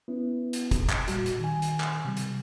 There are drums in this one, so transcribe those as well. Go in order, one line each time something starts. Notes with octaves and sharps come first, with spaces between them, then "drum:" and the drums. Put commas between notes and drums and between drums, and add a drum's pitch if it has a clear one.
B3 C#4 E4
drum: hi-hat
drum: kick, hi-hat
drum: clap
A#2 G3 F#4, drum: hi-hat
drum: hi-hat
D#3 G#5
drum: hi-hat
drum: clap
C3 G3
drum: hi-hat